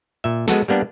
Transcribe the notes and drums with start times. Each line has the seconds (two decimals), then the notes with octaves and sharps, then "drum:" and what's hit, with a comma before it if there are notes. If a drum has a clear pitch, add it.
0.24 A#2 E5
0.48 G#3 B3 F#4 A4, drum: snare
0.68 G3 A#3 B3 D4